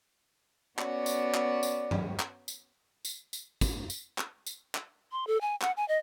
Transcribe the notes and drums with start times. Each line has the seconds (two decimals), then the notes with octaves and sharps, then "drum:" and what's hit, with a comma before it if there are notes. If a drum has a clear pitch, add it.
0.79 B3 C#4 F#4 D5, drum: clap
1.06 drum: tambourine
1.34 drum: clap
1.63 drum: tambourine
1.91 drum: tom G2
2.20 drum: clap
2.48 drum: tambourine
3.05 drum: tambourine
3.33 drum: tambourine
3.61 drum: kick, tambourine
3.90 drum: tambourine
4.18 drum: clap
4.46 drum: tambourine
4.75 drum: clap
5.12 C6
5.27 A4
5.41 G#5
5.61 F#5, drum: clap
5.77 G#5
5.88 D#5